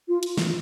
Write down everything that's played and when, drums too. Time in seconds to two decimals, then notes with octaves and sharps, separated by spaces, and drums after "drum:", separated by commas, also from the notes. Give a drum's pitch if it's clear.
0.08 F4
0.23 drum: hi-hat
0.38 drum: snare